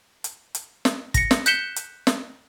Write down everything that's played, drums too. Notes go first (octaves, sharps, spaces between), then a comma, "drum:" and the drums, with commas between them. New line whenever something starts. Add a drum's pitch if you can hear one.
drum: hi-hat
drum: hi-hat
drum: snare
A#6 C#7, drum: kick, hi-hat
drum: snare
F#6 G6 B6 C#7 E7 G7, drum: hi-hat
drum: hi-hat
drum: snare